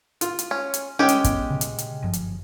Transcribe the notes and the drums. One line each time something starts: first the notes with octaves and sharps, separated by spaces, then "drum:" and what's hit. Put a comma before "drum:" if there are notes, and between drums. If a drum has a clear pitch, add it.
F4, drum: hi-hat
drum: hi-hat
C#4
drum: hi-hat
G#3 C#4 G4 G5
drum: hi-hat
B3, drum: kick, hi-hat
A#2 C#3
drum: hi-hat
drum: hi-hat
G1 F#2 F3
drum: hi-hat